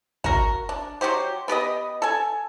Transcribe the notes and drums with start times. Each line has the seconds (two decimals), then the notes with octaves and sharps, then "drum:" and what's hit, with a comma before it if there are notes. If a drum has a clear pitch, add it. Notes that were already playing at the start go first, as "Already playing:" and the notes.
0.24 F#4 A#4, drum: kick
0.69 D4
1.01 F#3 F#4 G4 C5
1.48 B3 G4 B4 D#5
2.02 A4 G#5